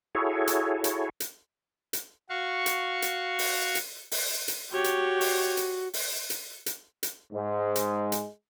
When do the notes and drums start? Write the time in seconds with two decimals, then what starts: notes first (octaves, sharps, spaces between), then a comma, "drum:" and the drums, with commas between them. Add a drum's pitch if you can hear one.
0.15 E4 F#4 G#4 A4 C#5
0.47 drum: hi-hat
0.84 drum: hi-hat
1.20 drum: hi-hat
1.93 drum: hi-hat
2.29 F#4 F5 C#6
2.66 drum: hi-hat
3.02 drum: hi-hat
3.39 drum: open hi-hat
3.75 drum: hi-hat
4.11 drum: open hi-hat
4.48 drum: hi-hat
4.72 F#4 G4 C#5
4.84 drum: hi-hat
5.21 drum: open hi-hat
5.57 drum: hi-hat
5.94 drum: open hi-hat
6.30 drum: hi-hat
6.66 drum: hi-hat
7.03 drum: hi-hat
7.33 G#2 G#3
7.76 drum: hi-hat
8.12 drum: hi-hat